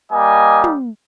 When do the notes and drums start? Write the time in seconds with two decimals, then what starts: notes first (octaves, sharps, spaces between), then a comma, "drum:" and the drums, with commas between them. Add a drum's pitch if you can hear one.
0.13 G3 A#3 D#5 G#5
0.64 drum: tom